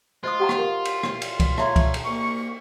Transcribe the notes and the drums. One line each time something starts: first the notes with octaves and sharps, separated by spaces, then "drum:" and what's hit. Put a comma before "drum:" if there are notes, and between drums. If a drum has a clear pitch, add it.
F4 C5 D#5 D#6
G4 F#5 G5 A#5
drum: rim click
A#4 F5
drum: cymbal
drum: rim click
drum: cymbal
drum: kick C2, cymbal
A3 G#4 C#5 E5 A5 A#5 C6, drum: rim click
drum: kick C2, cymbal
drum: cymbal
C2 A#3 C#6